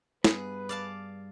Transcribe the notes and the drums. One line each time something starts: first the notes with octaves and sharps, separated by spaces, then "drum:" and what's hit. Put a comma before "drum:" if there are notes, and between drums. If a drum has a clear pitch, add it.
G2 B3 G#4 B4, drum: snare
D5 F5 A5